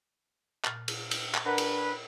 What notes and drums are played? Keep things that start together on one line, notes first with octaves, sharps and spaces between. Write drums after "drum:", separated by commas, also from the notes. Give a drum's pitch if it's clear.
A#2 F6 A6, drum: clap
drum: cymbal
drum: cymbal
drum: clap
D4 A#4 B4 F#5 A#5
drum: cymbal